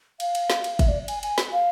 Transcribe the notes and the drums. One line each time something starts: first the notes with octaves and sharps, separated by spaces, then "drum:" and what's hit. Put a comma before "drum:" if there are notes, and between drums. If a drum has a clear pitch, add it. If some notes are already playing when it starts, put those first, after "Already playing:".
F5, drum: cymbal
drum: cymbal
drum: snare
drum: cymbal
E5, drum: kick, cymbal
D5
G#5, drum: cymbal
G#5, drum: cymbal
drum: snare
F5